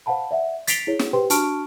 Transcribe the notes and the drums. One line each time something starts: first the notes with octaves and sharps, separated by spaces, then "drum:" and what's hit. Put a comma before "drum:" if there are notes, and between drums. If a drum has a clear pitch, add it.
C5 F5 F#5 A5 B5
D5 E5 F#5
A6 B6 C7 D7 F7 G7, drum: hi-hat
E4 G#4 C#5
drum: snare
G4 B4 C5 G5 C6
D4 F#4 A5 C#6 F6 D7, drum: hi-hat